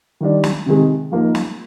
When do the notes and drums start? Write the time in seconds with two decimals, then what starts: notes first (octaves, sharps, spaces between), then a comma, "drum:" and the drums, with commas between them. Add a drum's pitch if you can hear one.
0.20 D#3 G3 D4
0.44 drum: snare
0.66 C3 D#3 G#3
1.12 F3 A#3 D#4
1.35 drum: snare